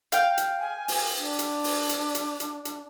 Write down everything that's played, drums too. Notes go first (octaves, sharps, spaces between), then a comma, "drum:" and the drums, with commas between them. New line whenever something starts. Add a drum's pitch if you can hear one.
F5 G5, drum: hi-hat
drum: hi-hat
G#5
drum: open hi-hat
D4
drum: hi-hat
drum: open hi-hat
drum: hi-hat
drum: hi-hat
drum: hi-hat
drum: hi-hat